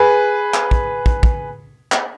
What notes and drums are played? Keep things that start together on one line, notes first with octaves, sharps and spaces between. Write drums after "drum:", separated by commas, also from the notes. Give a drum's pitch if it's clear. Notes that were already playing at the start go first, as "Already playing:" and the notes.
Already playing: G#4 B4
drum: clap
drum: kick
drum: kick
drum: kick
drum: clap